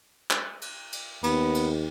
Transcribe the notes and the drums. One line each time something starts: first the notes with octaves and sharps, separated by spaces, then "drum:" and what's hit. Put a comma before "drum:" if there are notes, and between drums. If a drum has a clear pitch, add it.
drum: clap
drum: cymbal
drum: cymbal
D#2 B3, drum: cymbal
drum: cymbal